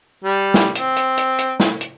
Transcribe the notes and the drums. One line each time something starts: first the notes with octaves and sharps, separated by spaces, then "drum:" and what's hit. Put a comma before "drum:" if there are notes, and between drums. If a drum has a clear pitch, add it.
G3
drum: snare
C4, drum: hi-hat
drum: hi-hat
drum: hi-hat
drum: hi-hat
drum: snare
drum: hi-hat